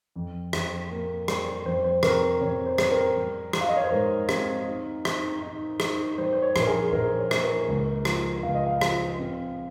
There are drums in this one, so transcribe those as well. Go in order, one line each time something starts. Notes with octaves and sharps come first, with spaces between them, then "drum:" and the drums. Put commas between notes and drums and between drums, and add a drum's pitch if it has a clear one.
F2
F2, drum: rim click
A#3
G3, drum: rim click
F2 C5
C5
C3 A#4, drum: rim click
A#4
C3 C#5
C5
G3 C5, drum: rim click
A#4
G3
G3, drum: rim click
F5
D#5
C#5
C5
G#2 A#4
C4, drum: rim click
D#4
D#4, drum: rim click
D#4
D#4, drum: rim click
G3 C5
C5
C#5
A#1 A#4, drum: rim click
G#4
A#1 A#4
C#5
A#3, drum: rim click
A#4
C#2
F3, drum: rim click
C#2 F5
D#5
F5
F3, drum: rim click
C4